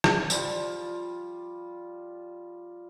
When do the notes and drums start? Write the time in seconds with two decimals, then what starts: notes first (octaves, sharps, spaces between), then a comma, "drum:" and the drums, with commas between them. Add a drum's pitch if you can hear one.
0.04 drum: rim click
0.30 F3 G3 F4, drum: tambourine